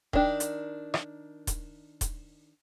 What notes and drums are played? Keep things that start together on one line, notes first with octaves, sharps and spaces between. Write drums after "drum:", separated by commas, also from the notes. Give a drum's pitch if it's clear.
D#3 D4, drum: kick D#1
drum: hi-hat
drum: rim click
drum: kick D#1, hi-hat
drum: kick D#1, hi-hat